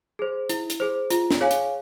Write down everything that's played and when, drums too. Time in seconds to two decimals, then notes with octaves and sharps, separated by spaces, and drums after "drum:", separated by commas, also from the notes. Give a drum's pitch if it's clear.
0.19 G#4 C5
0.49 E4, drum: hi-hat
0.70 drum: hi-hat
0.80 G#4 C5
1.10 F4, drum: hi-hat
1.31 drum: snare
1.41 G#4 C#5 F5 G#5
1.51 drum: hi-hat